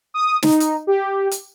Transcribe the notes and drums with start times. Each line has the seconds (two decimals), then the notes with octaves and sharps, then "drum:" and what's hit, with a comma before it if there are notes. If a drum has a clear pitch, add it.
0.14 D#6
0.43 D#4, drum: snare
0.60 drum: hi-hat
0.87 G4
1.31 drum: hi-hat